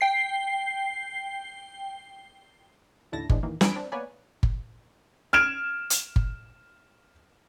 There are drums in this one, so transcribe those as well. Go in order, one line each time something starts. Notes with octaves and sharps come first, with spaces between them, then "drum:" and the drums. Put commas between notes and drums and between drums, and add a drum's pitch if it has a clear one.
G5 C7
A1 D#2 D3 E4 A5 A#6
A2 D3 E3 G#3, drum: kick G1
D#2 D#3 E3 A#3
F2 D4 G#5 B5 B6 D7, drum: snare
C4 D4
A#3 B3 B4 C#5 D5 G#5
drum: kick G1
F6 G#6 D7 E7
drum: hi-hat
drum: kick G1